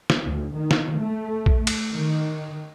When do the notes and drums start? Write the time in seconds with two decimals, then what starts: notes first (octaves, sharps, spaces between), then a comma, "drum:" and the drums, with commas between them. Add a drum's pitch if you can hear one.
0.10 drum: snare
0.24 D2
0.55 D#3
0.71 drum: snare
0.97 A3
1.46 drum: kick A#1
1.67 drum: cymbal
1.93 D#3